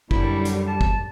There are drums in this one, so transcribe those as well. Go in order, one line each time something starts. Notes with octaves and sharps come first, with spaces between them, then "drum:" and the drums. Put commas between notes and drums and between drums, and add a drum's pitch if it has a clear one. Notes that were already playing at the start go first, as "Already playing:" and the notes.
F#2 D3 G3 E4, drum: kick
drum: hi-hat
A5
drum: kick